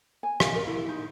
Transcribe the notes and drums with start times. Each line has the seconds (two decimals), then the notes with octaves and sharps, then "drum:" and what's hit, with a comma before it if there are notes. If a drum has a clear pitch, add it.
0.23 G#5
0.40 F5, drum: rim click
0.55 A#4
0.67 E4
0.89 D#4